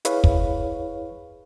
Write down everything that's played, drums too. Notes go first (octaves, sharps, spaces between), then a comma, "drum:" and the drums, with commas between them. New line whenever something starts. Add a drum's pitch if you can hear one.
E4 G#4 B4 C#5 F5, drum: hi-hat
drum: kick